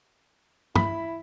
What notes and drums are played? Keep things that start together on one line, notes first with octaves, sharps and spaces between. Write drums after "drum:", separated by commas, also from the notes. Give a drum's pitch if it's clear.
E4 B5 B6, drum: tom